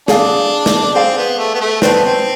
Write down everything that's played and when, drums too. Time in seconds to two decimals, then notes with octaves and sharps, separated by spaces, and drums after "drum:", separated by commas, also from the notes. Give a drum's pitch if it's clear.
0.08 D4 G#4 D5 F5, drum: snare
0.66 drum: snare
0.95 C4 G#4 D5 F5
1.17 B3
1.38 A3
1.54 B3
1.61 A3
1.82 C4 B4 D5 A5, drum: snare
1.94 B3
2.05 C4